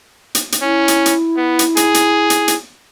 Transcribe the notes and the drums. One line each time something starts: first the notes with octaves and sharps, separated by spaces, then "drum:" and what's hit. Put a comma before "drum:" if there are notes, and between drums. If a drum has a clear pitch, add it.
drum: hi-hat
drum: hi-hat
C#4 E4
drum: hi-hat
drum: hi-hat
B3
drum: hi-hat
G#4, drum: hi-hat
drum: hi-hat
drum: hi-hat
drum: hi-hat